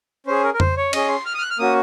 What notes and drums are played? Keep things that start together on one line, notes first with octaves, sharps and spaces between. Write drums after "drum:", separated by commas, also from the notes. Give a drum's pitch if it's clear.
C#4 G#4 C5
A#4
A#4
C5, drum: tom F2
C#5
C#4 G#4 D#5, drum: cymbal
C6
F6
D#6
F6
F#6
F6
A#3 C#4 F#4 D#6